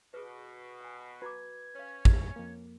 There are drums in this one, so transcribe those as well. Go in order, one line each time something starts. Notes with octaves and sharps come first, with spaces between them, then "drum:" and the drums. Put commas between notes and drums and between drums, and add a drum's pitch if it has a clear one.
B2 G#4 B4
F#5 G#5
F#4 B4 A#5 D6 G#6
C#4 C#5 F5
drum: kick
F2 A#3